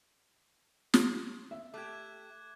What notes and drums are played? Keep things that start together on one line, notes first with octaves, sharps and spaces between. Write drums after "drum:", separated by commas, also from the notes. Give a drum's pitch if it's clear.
C6, drum: snare
E5
A3 G4 D6 F#6 G#6